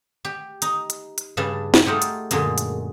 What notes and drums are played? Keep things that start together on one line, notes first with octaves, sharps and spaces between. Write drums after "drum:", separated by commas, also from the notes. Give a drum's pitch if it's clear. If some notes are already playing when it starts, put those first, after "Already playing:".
G4
D#4, drum: hi-hat
drum: hi-hat
drum: hi-hat
G2 C#3 G3 D4 A5
drum: snare
A3 D#4 F4 G4 F#5 G#5
drum: hi-hat
F#2 A#2 D3 G#3, drum: hi-hat
drum: hi-hat